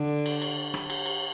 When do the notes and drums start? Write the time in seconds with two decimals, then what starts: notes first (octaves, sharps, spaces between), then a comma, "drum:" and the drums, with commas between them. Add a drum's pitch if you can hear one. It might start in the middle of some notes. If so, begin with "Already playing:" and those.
Already playing: D3
0.26 drum: cymbal
0.42 drum: cymbal
0.74 drum: rim click
0.90 drum: cymbal
1.06 drum: cymbal